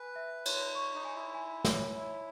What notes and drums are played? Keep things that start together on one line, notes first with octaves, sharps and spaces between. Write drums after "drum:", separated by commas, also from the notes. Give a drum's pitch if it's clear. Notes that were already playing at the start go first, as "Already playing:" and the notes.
Already playing: B4 G#5
E5
C#5, drum: cymbal
C#6
D#4
G#5
E4
G#5
C#5, drum: snare
E4 C#5